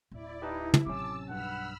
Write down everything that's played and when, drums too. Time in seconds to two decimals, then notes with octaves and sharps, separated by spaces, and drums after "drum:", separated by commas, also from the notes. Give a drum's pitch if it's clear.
0.11 D1 E4 D5
0.42 D#4 E4 G4 B4 A5
0.74 drum: tom
0.86 A1 C3 F#3 C#4 A5 D6 E6
1.30 B1 G2 F#5 B5 E6 F6